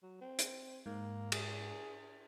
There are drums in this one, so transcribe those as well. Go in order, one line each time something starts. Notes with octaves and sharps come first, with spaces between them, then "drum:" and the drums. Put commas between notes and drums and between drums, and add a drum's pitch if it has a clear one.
F#3
C4
drum: hi-hat
G#2 A#3
G#4, drum: cymbal